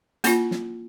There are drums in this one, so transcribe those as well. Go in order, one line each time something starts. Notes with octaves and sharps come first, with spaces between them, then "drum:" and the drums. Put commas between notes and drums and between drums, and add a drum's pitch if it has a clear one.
A#3 C#4 E4 F4, drum: hi-hat
drum: snare